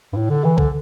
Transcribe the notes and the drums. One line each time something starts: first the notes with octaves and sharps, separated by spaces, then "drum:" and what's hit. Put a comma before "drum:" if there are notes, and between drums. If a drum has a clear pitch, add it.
G2
A2
D3
E3
D3, drum: kick